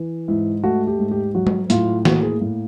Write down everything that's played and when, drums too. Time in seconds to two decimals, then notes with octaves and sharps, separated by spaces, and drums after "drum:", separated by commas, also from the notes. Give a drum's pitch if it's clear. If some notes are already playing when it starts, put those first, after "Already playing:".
Already playing: E3
0.28 G#2 E4
0.63 A3 F#4
0.87 G4
0.99 G#2
1.11 G4
1.35 F#3 F#4
1.47 drum: tom G3
1.70 A2 F4, drum: hi-hat
2.05 A#3 F#4, drum: snare
2.23 G#4
2.41 A2